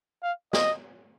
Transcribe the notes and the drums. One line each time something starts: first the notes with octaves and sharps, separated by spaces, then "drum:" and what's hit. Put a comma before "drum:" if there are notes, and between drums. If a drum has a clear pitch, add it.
F5
D#5, drum: snare